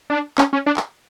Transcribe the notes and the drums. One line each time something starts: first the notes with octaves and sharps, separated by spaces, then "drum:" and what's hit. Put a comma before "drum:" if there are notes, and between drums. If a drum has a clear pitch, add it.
D4
C#4, drum: clap
C#4
D4
drum: clap